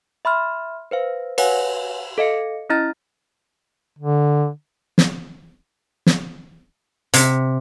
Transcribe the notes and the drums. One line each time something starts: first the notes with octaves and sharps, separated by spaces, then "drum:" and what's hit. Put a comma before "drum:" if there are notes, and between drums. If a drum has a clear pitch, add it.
E5 B5 C6 F6
B4 C5 F5
B4 C#5 F5 F#5 G#5, drum: cymbal
A4 D#5 F5 C#7
C#4 E4 D#5 A#5 F6 A6
D3
drum: snare
drum: snare
C3, drum: hi-hat